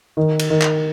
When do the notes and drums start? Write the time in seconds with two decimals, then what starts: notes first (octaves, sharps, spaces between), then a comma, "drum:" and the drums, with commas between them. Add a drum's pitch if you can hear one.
0.17 D#3
0.39 drum: cymbal
0.50 D#3
0.62 drum: clap